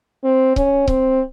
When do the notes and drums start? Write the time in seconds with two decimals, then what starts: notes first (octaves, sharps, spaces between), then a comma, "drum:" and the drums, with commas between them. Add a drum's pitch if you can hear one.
0.24 C4
0.56 C#4, drum: kick C#1
0.88 C4, drum: kick C#1